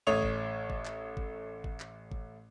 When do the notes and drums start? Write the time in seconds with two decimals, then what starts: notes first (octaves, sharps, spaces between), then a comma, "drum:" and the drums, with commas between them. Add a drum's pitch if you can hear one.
0.07 A1 A3 C#5 D#6 F7
0.22 drum: kick G1
0.70 drum: kick G1
0.85 drum: clap
1.17 drum: kick G1
1.64 drum: kick G1
1.80 drum: clap
2.12 drum: kick G1